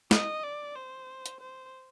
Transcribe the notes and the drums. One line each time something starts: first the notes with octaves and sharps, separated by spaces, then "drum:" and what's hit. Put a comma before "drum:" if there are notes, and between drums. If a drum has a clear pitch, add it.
D#5, drum: snare
D5
C5
drum: hi-hat
C5